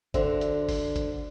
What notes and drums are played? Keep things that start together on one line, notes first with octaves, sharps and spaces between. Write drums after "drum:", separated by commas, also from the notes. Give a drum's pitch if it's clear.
D3 F#4 C5 E5, drum: kick G1, hi-hat
drum: hi-hat
drum: kick G1, open hi-hat
drum: kick G1, hi-hat